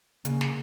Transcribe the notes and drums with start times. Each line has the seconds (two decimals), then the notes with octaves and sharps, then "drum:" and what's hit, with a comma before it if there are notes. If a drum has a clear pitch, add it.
0.25 C#3 A#3, drum: hi-hat
0.41 drum: snare